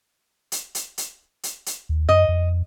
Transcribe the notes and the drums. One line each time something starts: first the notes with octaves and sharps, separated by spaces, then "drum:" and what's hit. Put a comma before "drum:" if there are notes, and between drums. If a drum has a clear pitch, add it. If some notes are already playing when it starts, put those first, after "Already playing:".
drum: hi-hat
drum: hi-hat
drum: hi-hat
drum: hi-hat
drum: hi-hat
D#2
F#2 D#5
F2